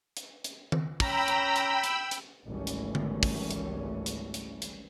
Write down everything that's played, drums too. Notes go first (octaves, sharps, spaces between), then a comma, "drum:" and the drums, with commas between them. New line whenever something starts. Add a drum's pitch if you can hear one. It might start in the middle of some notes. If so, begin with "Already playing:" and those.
drum: hi-hat
drum: hi-hat
drum: tom D#3
C#4 G5 A#5 B5 E6, drum: kick, open hi-hat
drum: hi-hat
drum: hi-hat
drum: hi-hat
drum: hi-hat
G#1 C#2 E3 G3 A3 C#4
drum: hi-hat
drum: tom D3
drum: kick, open hi-hat
drum: hi-hat
drum: hi-hat
drum: hi-hat
drum: hi-hat